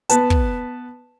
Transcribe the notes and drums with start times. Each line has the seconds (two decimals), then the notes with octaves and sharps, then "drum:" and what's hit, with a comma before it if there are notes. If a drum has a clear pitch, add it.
0.09 B3 B4 A5, drum: hi-hat
0.30 drum: kick